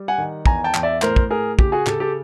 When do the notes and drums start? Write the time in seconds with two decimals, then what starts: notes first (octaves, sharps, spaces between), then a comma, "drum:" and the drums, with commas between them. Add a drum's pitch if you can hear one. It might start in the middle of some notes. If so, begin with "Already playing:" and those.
Already playing: G3
0.08 F#5 G#5
0.18 D#3
0.46 E2 G#5 A#5, drum: kick
0.64 G5 A5
0.74 E2, drum: clap
0.83 D5 E5
1.02 A2 A#4 C5, drum: clap
1.16 drum: kick
1.30 A2 G#4 A#4
1.59 C#3 G4, drum: kick
1.72 F#4 G#4
1.87 C#3 G4 A4, drum: clap
2.00 G4 A4